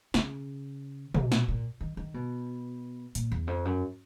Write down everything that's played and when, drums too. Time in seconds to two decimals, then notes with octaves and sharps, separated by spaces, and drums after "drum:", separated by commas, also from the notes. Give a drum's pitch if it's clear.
0.14 C#3, drum: snare
1.14 C3, drum: tom
1.32 B2, drum: snare
1.48 A#2
1.81 D#3
1.97 D#3
2.14 B2
3.15 A#2, drum: hi-hat
3.32 E2
3.47 F2
3.65 F#2